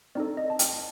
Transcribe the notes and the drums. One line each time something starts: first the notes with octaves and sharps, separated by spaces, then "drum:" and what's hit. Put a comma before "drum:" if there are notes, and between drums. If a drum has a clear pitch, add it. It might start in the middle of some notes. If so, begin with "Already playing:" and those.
C4 D#4 A4 D5
D#5
A5
G5, drum: hi-hat